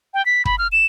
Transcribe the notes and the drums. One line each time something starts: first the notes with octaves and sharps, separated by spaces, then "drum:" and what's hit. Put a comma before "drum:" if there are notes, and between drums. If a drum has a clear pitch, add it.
G5
B6
B5, drum: kick
F6
E7